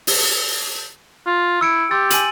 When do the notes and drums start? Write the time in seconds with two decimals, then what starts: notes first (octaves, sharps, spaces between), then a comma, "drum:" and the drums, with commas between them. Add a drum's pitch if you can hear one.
0.07 drum: open hi-hat
1.26 F4
1.61 E4 E6 C#7 D7
1.91 G4 C6 E6 A6
2.10 G#5 D#7 F#7, drum: hi-hat